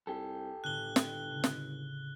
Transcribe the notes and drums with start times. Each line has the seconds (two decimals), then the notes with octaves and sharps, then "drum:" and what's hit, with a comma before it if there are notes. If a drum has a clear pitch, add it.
0.07 C2 G4 A4
0.64 G1 A2 D3 F#6 G7
0.96 drum: snare
1.30 C#3
1.44 drum: snare